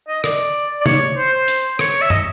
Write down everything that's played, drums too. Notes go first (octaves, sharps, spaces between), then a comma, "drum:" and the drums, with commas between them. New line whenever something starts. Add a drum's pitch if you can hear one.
D#5
D5, drum: rim click
D5
C#5, drum: tom
C5
drum: hi-hat
C#5, drum: rim click
E5
D#5, drum: tom